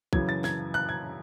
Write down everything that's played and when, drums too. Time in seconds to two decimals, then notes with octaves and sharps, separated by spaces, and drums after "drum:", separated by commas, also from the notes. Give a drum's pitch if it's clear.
0.13 F#2 C#3 E3 G#6, drum: kick
0.29 A6
0.44 G#6, drum: snare
0.74 F#6
0.89 G#6